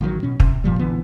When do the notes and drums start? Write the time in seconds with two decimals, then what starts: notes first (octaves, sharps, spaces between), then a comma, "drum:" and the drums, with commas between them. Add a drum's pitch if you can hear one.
0.01 A1 D#3 F3 F#3
0.23 B2 C#4
0.40 C3, drum: kick
0.64 G2 A#2 F3 G3
0.79 A#1 D3 E3 B3